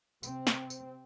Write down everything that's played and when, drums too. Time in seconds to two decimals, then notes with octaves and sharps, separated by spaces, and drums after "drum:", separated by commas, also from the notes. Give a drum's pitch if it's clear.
0.23 C3 C4, drum: tambourine
0.47 drum: snare
0.70 drum: tambourine